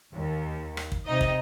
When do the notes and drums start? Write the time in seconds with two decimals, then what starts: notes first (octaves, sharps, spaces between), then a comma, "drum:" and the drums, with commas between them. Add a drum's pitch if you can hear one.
0.14 D#2
0.77 drum: rim click
0.92 drum: kick
1.06 C3 D#4 D#5
1.21 drum: kick